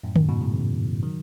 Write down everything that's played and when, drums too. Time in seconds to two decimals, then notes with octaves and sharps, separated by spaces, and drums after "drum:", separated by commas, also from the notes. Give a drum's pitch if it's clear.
0.03 F#2 A2
0.16 F#2 A2, drum: tom D3
0.29 G#2 B2
0.41 A2 C#3
0.53 C#3 E3
1.03 D#3 F#3